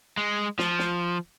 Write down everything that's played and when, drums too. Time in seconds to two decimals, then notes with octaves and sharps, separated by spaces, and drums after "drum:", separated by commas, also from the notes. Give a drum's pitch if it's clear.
0.17 G#3
0.59 F3, drum: snare
0.79 drum: snare